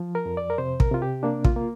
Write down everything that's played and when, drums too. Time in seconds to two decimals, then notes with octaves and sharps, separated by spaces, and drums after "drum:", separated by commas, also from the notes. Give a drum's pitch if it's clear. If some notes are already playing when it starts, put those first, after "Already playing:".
Already playing: F3
0.15 A#4
0.26 F2
0.37 D5
0.50 A#4
0.58 C3 C5
0.80 A#4, drum: kick
0.91 C3 F4
1.02 G4
1.23 A#3 D4
1.44 F4, drum: kick
1.56 A#3